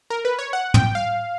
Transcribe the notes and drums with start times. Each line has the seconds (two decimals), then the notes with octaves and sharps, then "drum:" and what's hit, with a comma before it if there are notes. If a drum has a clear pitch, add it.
0.10 A#4
0.25 B4
0.39 C#5
0.53 F#5
0.74 G5, drum: tom
0.95 F5